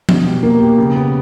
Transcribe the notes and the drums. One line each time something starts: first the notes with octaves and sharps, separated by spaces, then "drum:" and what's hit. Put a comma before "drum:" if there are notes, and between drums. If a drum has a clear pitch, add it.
B2, drum: tom F3
G4
A#3
G4
C#3
B3